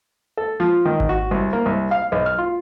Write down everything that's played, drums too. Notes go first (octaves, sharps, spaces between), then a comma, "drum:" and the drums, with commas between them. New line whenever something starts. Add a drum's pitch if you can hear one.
A4
F3
D#3
drum: kick G#1
F#4
C2
A#3
C2
F5
B1
F6
F4